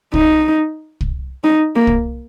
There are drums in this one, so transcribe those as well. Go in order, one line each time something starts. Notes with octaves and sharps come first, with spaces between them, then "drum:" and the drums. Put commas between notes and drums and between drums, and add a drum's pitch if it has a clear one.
D#4, drum: kick
drum: kick
D#4
A#3
drum: kick